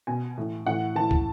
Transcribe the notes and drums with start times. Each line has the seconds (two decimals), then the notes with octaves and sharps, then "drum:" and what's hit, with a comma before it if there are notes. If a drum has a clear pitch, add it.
0.07 B2 G#5
0.38 A2 E3
0.66 A2 E3 F#5
0.95 A2 E3 A5
1.11 drum: kick